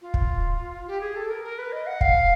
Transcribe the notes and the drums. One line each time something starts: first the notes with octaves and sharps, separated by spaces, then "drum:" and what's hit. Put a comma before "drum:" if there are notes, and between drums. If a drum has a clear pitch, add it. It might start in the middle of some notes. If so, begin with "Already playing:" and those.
F4
drum: kick
G4
G#4
A4
A#4
A#4
B4
D#5
F#5
F5, drum: kick